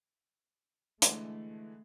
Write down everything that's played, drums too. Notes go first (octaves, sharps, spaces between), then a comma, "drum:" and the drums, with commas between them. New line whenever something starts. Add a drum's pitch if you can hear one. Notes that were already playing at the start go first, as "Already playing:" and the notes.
D3 E3 G#3 A3, drum: hi-hat